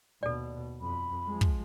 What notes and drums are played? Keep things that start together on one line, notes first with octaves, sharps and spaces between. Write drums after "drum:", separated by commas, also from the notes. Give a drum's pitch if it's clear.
D#2 B2 A4 D5
F2 B5
F3 G#3
drum: kick